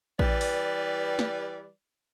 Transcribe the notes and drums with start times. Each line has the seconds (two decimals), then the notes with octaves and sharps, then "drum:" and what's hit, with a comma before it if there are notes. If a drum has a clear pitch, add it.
0.19 E3 G3 B4 D5, drum: kick A1
0.41 drum: open hi-hat
1.19 drum: snare